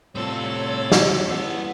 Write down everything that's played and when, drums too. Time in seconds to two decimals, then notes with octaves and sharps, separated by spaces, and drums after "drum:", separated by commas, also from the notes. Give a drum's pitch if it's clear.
0.15 A2 C3 G3 C4 F4 A4 C#5
0.92 drum: snare
1.28 E3 G3 A#3 C#4 F#5